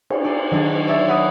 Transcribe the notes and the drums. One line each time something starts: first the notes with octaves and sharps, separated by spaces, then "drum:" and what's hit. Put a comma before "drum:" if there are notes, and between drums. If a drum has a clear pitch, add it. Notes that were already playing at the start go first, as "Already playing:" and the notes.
drum: cymbal
D5
D#3 F#3 D4
C#5 D5 E5
F#5 B5 D#6